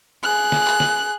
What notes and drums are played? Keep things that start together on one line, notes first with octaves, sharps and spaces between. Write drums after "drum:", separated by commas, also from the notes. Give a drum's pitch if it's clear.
G#4 F#6
drum: snare
drum: clap
drum: snare